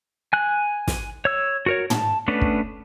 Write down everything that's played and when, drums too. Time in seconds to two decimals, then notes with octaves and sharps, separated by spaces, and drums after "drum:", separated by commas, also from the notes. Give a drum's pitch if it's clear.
0.33 G#5 F#6
0.88 drum: snare
1.25 C#5 E6
1.66 F#4 A#4 C#5
1.90 A5, drum: tom
2.28 A3 B3 C#4 D4 B4
2.41 drum: kick